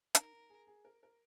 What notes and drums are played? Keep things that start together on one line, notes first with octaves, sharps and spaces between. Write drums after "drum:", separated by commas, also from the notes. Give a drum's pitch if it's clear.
D#4 A#4, drum: hi-hat
D#4
G#4
G#4
A#4
A#4